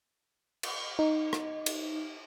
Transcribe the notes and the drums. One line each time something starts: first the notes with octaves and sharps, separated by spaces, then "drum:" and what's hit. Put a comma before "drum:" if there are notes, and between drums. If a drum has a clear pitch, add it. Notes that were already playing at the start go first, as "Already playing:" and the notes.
drum: cymbal
D#4
drum: rim click
drum: cymbal